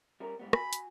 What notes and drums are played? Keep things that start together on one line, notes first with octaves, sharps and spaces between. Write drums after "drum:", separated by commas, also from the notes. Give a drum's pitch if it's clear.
G3 C#4 A#4
G#2 G3 B3
F#4 G#5 B5, drum: rim click
drum: hi-hat